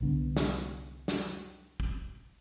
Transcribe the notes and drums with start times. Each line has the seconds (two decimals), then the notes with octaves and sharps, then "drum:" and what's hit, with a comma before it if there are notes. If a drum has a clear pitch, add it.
0.01 C2 D3 B3
0.37 drum: snare
1.08 drum: snare
1.80 drum: kick